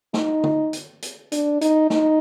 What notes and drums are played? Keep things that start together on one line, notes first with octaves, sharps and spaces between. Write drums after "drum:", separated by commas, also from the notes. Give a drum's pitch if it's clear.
D#4, drum: snare
drum: tom
drum: hi-hat
drum: hi-hat
D4, drum: hi-hat
D#4, drum: hi-hat
D#4, drum: snare